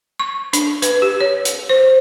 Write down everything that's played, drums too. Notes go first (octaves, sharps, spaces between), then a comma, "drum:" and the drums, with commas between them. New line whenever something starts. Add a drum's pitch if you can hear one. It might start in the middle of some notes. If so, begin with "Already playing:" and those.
C#6
D4, drum: hi-hat
B4, drum: hi-hat
G4
C#5
drum: hi-hat
C5